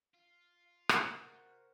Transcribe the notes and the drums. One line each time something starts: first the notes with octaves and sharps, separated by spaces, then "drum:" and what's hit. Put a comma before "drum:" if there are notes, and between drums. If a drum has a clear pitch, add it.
F4 F5
C3 F#4 A#4 F#5, drum: rim click